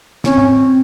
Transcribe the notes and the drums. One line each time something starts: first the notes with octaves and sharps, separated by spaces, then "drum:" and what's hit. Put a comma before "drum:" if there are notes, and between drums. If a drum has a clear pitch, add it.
C4 C#4, drum: snare
drum: tom G#2